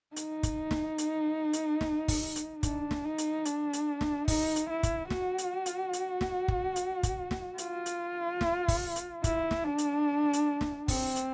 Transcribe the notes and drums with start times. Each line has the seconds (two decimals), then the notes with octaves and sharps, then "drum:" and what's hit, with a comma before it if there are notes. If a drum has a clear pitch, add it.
0.16 D#4, drum: hi-hat
0.43 drum: kick, hi-hat
0.71 drum: snare
0.98 drum: hi-hat
1.53 drum: hi-hat
1.81 drum: snare
2.08 drum: kick, open hi-hat
2.36 drum: hi-hat
2.63 D4, drum: kick, hi-hat
2.91 drum: snare
3.05 D#4
3.18 drum: hi-hat
3.45 D4, drum: hi-hat
3.73 drum: hi-hat
4.01 drum: snare
4.28 D#4, drum: kick, open hi-hat
4.56 drum: hi-hat
4.69 E4
4.83 drum: kick, hi-hat
5.10 F#4, drum: snare
5.38 drum: hi-hat
5.66 drum: hi-hat
5.93 drum: hi-hat
6.21 drum: snare
6.48 drum: kick
6.76 drum: hi-hat
7.03 drum: kick, hi-hat
7.31 drum: snare
7.58 F4, drum: hi-hat
7.86 drum: hi-hat
8.41 drum: snare
8.68 drum: kick, open hi-hat
8.96 drum: hi-hat
9.24 E4, drum: kick, hi-hat
9.51 drum: snare
9.64 D4
9.78 drum: hi-hat
10.33 drum: hi-hat
10.61 drum: snare
10.88 C4, drum: kick, open hi-hat
11.16 drum: hi-hat